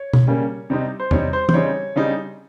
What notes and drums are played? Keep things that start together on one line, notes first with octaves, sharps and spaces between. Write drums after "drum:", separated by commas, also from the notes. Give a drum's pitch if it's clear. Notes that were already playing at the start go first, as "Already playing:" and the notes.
Already playing: C#5
drum: tom B2
C#3 G3 A#3 C#4
C3 G3 C4 D#4
C5
C3 G3 C4 D#4 C#5, drum: tom E2
C5
C5, drum: tom
C#3 G3 C4 D#4 C#5
C#3 G3 C4 D#4